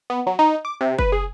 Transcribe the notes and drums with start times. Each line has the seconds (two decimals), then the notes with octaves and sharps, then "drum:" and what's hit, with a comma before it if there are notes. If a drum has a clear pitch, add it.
0.10 B3
0.27 F#3
0.39 D#4
0.65 D6
0.81 C3
0.99 B4, drum: kick
1.12 G#4